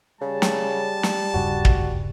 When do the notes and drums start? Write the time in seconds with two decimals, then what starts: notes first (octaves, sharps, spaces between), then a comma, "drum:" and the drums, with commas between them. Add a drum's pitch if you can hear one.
0.21 C#3 G3 A5
0.42 drum: snare
1.03 drum: snare
1.34 D#1 G2 C#3 F#4
1.65 drum: kick